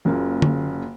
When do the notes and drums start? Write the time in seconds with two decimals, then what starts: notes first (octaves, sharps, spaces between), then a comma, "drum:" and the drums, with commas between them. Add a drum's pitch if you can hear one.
0.05 F#1 C#3 A#3 F4
0.42 drum: tom